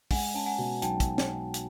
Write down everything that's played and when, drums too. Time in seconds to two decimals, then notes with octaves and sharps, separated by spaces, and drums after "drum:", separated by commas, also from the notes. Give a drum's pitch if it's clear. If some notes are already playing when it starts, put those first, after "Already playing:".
0.11 G#3 F#5 G#5, drum: kick, open hi-hat
0.34 C#4 A5
0.46 F#5 G#5
0.58 B2
0.82 B1 G5 A5, drum: hi-hat
1.00 drum: kick, hi-hat
1.18 drum: snare
1.54 drum: hi-hat